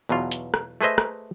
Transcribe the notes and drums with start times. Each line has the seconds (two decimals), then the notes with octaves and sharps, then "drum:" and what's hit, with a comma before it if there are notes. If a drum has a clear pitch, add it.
0.09 E2 B2 F#3 F4
0.32 drum: hi-hat
0.54 drum: rim click
0.81 A3 G#4 B4 C5 D#5 E5
0.98 drum: rim click